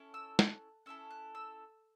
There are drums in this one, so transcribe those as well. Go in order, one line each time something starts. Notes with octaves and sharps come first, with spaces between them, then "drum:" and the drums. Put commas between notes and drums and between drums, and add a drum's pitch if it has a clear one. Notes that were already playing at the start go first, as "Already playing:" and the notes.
Already playing: C#4 E4 A4
E6
F#6, drum: snare
C#4 E4 A4 E6
F#6
E6